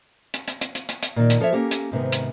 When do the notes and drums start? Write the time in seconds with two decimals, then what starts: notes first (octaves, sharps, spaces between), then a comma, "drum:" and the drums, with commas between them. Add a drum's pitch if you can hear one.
0.34 drum: hi-hat
0.48 drum: hi-hat
0.61 drum: hi-hat
0.75 drum: hi-hat
0.89 drum: hi-hat
1.03 drum: hi-hat
1.16 A#2 D#3
1.30 drum: hi-hat
1.40 F3 A4 C#5 E5
1.52 A#3 C#4 G4 A4
1.71 drum: hi-hat
1.92 G#2 C3 D#3 B3
2.12 drum: hi-hat